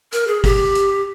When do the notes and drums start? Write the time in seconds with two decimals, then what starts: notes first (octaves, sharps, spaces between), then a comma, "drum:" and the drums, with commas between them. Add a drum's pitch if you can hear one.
0.12 A#4, drum: hi-hat
0.27 G#4
0.44 G4, drum: kick G1, open hi-hat
0.75 drum: hi-hat